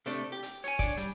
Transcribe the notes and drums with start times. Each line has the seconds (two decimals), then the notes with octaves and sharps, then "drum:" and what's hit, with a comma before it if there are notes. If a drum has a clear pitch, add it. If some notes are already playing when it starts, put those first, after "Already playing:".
0.06 C3 A3 D4
0.32 G4
0.43 drum: hi-hat
0.64 C#5 G#5, drum: hi-hat
0.79 D4 D5, drum: kick, hi-hat
0.97 G3, drum: hi-hat